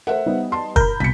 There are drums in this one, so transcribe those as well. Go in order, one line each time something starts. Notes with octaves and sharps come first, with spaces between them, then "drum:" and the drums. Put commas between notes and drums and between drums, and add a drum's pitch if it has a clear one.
A3 A#4 C5 E5 F#5
G3 B3 D#4
A5 C6
A#4 A#5 B5 G6, drum: kick
C2 B2 B6 C#7